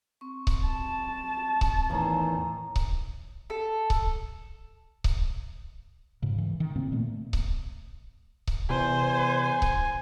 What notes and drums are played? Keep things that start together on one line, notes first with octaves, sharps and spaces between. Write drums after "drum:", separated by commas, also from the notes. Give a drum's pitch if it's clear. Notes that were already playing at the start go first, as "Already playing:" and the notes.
C4 C#6
drum: kick C#1
A5
drum: kick C#1
E2 A2 D#3 C#5 G#5 A#5
drum: kick C#1
A4
drum: kick C#1
drum: kick C#1
G#2 C#3
C#3 E3
D#3
A2 C#3 A#3 C4
A#2 A3 B3
drum: kick C#1
drum: kick C#1
E2 C3 C5 G#5
drum: kick C#1